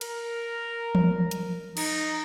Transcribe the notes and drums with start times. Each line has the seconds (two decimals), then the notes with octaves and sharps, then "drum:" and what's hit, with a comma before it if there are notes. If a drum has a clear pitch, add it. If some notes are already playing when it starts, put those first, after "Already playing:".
0.01 A#4, drum: cymbal
0.95 drum: tom E3
1.31 drum: hi-hat
1.77 D#4, drum: cymbal